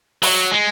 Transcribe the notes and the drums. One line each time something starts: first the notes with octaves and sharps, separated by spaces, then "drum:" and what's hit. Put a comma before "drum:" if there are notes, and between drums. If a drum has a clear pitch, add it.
F#3, drum: open hi-hat
G#3